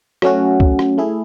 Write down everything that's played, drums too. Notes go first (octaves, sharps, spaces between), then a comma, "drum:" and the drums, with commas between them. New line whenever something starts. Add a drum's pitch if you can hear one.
F#3 A3 C#4 F#4, drum: rim click
drum: kick C#2
drum: rim click
A3 E4 G#4